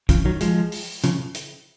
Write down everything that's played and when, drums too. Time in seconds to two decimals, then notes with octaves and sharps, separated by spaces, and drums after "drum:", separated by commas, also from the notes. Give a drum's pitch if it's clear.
0.09 C#3 F3, drum: kick, hi-hat
0.25 D#3 F#3
0.41 F3 G#3, drum: hi-hat
0.72 drum: open hi-hat
1.04 C#3 F3, drum: hi-hat
1.35 drum: hi-hat